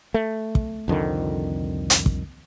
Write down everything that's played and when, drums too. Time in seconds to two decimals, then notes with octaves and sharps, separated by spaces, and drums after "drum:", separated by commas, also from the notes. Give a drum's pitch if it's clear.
0.14 A3
0.55 drum: kick
0.88 C2 F2 D3 D#3
1.90 drum: hi-hat
2.06 drum: kick